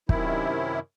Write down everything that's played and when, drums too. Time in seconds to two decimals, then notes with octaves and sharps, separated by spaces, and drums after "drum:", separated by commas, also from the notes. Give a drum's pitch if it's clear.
0.09 F#2 C3 D#3 E4, drum: kick